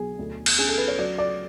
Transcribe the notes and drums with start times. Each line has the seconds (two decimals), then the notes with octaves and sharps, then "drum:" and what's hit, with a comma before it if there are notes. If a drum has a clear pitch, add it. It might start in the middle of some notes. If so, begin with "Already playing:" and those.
Already playing: B1 G#4
0.19 D2
0.46 drum: cymbal
0.58 C#4 G#4
0.69 A4
0.78 B4
0.88 C#5
0.99 F#3 D5
1.18 D5